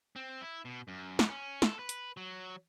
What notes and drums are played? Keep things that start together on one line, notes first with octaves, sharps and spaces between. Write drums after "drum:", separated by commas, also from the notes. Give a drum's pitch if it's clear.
C4
E4
B2
F#2
drum: snare
C#4
A4, drum: snare
B4
drum: hi-hat
F#3